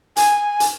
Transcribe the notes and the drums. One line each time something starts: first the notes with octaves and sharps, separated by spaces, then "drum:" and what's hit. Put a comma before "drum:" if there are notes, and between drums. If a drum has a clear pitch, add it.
G#5, drum: hi-hat
drum: hi-hat